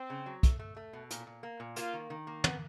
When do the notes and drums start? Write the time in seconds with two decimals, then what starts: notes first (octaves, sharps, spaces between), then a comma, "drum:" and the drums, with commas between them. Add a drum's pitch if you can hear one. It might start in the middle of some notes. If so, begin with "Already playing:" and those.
Already playing: C4
0.10 C#3
0.26 F#3
0.43 A3, drum: kick, hi-hat
0.59 A3
0.76 A3
0.93 B2
1.11 A#2, drum: hi-hat
1.27 A#2
1.43 A#3
1.60 A#2
1.76 A#3 F4, drum: hi-hat
1.93 D#3
2.10 D#3
2.27 A#3
2.44 B3, drum: tom